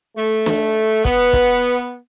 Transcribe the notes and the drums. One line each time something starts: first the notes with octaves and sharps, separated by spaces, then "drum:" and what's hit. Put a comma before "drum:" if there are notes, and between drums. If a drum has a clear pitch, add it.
A3
drum: snare
B3, drum: kick
drum: kick